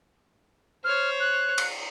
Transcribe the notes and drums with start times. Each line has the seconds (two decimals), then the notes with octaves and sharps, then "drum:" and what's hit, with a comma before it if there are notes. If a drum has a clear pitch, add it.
0.84 C5 C#5 F6
1.20 F#6
1.58 drum: cymbal